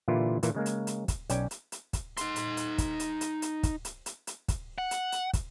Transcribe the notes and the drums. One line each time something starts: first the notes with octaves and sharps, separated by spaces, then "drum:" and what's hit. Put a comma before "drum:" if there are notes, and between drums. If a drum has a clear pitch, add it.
A#2 D3 E3 E4 F4 G4
A#2 E3 A#3, drum: hi-hat
C#3 G#3 A#3
drum: hi-hat
drum: hi-hat
drum: kick, hi-hat
B1 C#4 D5 G5 G#5, drum: hi-hat
drum: hi-hat
drum: hi-hat
drum: kick, hi-hat
D#4 C6, drum: hi-hat
drum: hi-hat
drum: hi-hat
drum: kick, hi-hat
drum: hi-hat
drum: hi-hat
drum: hi-hat
drum: kick, hi-hat
drum: hi-hat
drum: hi-hat
drum: hi-hat
drum: kick, hi-hat
F#5
drum: hi-hat
drum: hi-hat
drum: kick, hi-hat